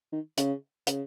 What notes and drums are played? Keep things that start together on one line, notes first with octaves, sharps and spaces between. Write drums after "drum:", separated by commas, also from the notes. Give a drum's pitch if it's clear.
D#3
C#3, drum: hi-hat
C#3, drum: hi-hat